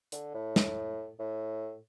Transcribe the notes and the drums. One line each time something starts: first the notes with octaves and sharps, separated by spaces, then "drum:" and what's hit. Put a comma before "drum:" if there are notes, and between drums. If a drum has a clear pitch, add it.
D3, drum: hi-hat
A2
drum: snare
A2